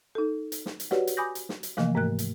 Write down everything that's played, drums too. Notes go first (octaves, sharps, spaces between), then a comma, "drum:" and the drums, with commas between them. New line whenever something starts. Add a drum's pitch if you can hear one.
D#4 A4
drum: hi-hat
drum: snare
drum: hi-hat
F#4 G4 B4 C#5 D5 F#5, drum: snare
drum: hi-hat
G#5 B5 D6 D#6 G6 A#6
drum: hi-hat
drum: snare
drum: hi-hat
C3 E3 F3 A3 A#3 F5, drum: snare
G#2 A3 A#4 F#6
drum: hi-hat